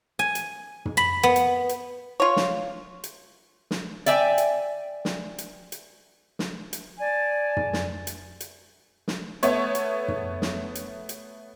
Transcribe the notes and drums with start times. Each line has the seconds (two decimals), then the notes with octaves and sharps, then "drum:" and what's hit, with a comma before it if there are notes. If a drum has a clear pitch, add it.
0.19 G#5
0.35 drum: hi-hat
0.85 drum: tom
0.97 B5
1.23 B3
1.36 drum: hi-hat
1.69 drum: hi-hat
2.20 F4 C#5
2.36 drum: snare
3.04 drum: hi-hat
3.71 drum: snare
4.06 D5 E5 G5 G#5, drum: hi-hat
4.38 drum: hi-hat
5.05 drum: snare
5.38 drum: hi-hat
5.72 drum: hi-hat
6.39 drum: snare
6.73 drum: hi-hat
6.99 D5 G#5 A5
7.57 drum: tom
7.73 drum: snare
8.07 drum: hi-hat
8.40 drum: hi-hat
9.08 drum: snare
9.43 A3 B3 C#5, drum: hi-hat
9.75 drum: hi-hat
10.08 drum: tom
10.42 drum: snare
10.75 drum: hi-hat
11.09 drum: hi-hat